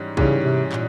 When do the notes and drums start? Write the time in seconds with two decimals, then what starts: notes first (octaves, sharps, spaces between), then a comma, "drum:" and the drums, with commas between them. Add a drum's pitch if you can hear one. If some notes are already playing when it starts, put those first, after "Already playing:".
Already playing: G#2 E3 G3 C#4
0.17 G#2 C#3 E3 G3 C#4, drum: kick
0.44 C3
0.72 A#2, drum: clap